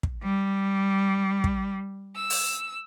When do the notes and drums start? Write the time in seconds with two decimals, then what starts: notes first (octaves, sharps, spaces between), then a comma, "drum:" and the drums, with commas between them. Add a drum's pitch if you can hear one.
0.03 drum: kick
0.24 G3
1.44 drum: kick
2.16 E6
2.30 drum: open hi-hat